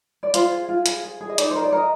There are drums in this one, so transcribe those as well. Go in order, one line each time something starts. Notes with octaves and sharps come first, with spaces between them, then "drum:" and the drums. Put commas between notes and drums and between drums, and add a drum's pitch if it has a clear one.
D5
F4 C5, drum: hi-hat
G#4
F4
G#4, drum: hi-hat
G#4
G#4
D#5
D#4 D5, drum: hi-hat
A#4 C5
D5
A#4 D#5